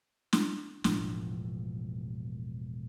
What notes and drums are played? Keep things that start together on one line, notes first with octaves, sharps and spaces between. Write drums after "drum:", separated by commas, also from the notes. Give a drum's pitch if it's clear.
drum: snare
E1 A2 F3, drum: snare